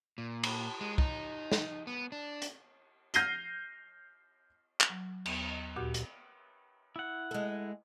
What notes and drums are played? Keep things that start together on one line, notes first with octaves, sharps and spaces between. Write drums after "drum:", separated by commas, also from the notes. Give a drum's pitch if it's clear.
A#2
drum: cymbal
G#3
D#4, drum: kick
drum: snare
B3
D4
drum: hi-hat
F6 G6 A#6 C7 D#7 G7, drum: hi-hat
drum: clap
F#3
D#2 B3, drum: cymbal
D#5
D2 A#2 F#4 G4
drum: hi-hat
E4 F#5
G#3 A4